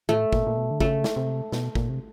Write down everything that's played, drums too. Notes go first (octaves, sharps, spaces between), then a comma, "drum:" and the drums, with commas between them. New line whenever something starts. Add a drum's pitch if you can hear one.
A2 A3
A#2, drum: kick
A#2
B2
D3
C#3 A3, drum: kick
drum: snare
C3
B2, drum: snare
A#2, drum: kick
C3